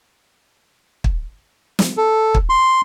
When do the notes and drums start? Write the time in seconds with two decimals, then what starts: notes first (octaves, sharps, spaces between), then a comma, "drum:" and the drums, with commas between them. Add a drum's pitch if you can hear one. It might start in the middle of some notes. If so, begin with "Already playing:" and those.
1.04 drum: kick
1.79 drum: snare
1.97 A4
2.34 drum: kick
2.49 C6